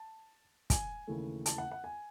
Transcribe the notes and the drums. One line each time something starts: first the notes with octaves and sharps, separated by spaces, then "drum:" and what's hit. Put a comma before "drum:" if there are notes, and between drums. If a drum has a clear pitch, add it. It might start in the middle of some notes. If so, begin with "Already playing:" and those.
Already playing: A5
G#5, drum: kick, hi-hat
D#2 C#3 E3 A3
A5, drum: hi-hat
F#5
F#5
G#5